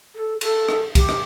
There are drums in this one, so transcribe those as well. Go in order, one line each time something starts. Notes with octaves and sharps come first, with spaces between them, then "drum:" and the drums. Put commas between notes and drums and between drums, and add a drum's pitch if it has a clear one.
A4
A4, drum: cymbal
drum: rim click
G4, drum: kick B1, cymbal
drum: rim click